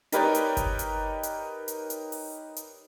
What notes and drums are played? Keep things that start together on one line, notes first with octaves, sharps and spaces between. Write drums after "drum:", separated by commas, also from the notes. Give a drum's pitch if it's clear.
D#4 G4 A#4 B4 C#5 D5, drum: hi-hat
drum: hi-hat
drum: kick G1, hi-hat
drum: hi-hat
drum: hi-hat
drum: hi-hat
drum: hi-hat
drum: open hi-hat
drum: hi-hat